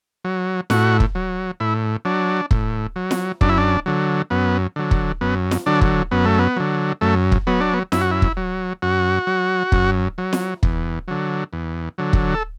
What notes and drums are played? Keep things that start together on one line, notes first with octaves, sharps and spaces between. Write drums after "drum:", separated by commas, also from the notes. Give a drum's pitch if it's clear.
F#3
A2 F#4, drum: snare
drum: kick
F#3
A2 E4
F#3 D4
A2, drum: kick
F#3
drum: snare
F#2 D4, drum: kick
E4
D4
D3 F#3
F#2 B3
D3 F#3
drum: kick
F#2 B3
drum: snare
D3 F#3 D4
drum: kick
F#2 B3
A3
B3
D3 F#3
F#2 A3
drum: kick
F#3 B3
D4
B3
F#2 E4, drum: snare
F#4
E4
drum: kick
F#3
F#2 F#4
F#3
F#2, drum: kick
F#3
drum: snare
E2, drum: kick
D3 F#3
E2
D3 F#3
drum: kick
A4